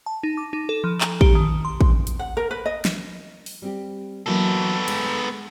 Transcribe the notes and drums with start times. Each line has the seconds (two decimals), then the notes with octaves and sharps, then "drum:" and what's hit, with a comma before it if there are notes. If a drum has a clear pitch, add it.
0.06 A5
0.23 D#4
0.37 D6
0.53 D#4
0.69 A4
0.84 F3
1.01 A#5, drum: clap
1.21 G4, drum: kick
1.35 D#3
1.65 C6
1.81 drum: kick
2.07 drum: hi-hat
2.19 F#5
2.37 A#4
2.51 B4
2.66 D#5
2.85 drum: snare
3.46 drum: open hi-hat
3.62 G3 C4 G4
4.26 E3 F#3 A#3 B3 A4
4.88 G#3, drum: cymbal